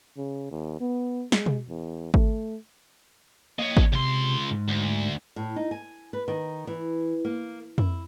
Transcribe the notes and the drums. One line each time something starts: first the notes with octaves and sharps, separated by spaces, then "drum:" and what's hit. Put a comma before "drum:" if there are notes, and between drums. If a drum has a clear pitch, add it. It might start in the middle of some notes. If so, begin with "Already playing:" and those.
C#3
D#2
B3
G#3, drum: snare
drum: tom B2
E2
A3, drum: kick G#1
A#3 C#5 D#5
drum: kick G#1
C#2 C3 C6
G#2
D2
A2
D#4
G#5
B4
D#3
E3
A#3
E4, drum: tom F2